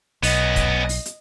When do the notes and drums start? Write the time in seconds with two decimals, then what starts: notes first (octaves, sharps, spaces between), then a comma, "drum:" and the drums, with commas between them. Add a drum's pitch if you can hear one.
0.23 B1 B3 C#4 D#5, drum: open hi-hat
0.56 drum: kick, hi-hat
0.89 drum: open hi-hat
1.05 drum: hi-hat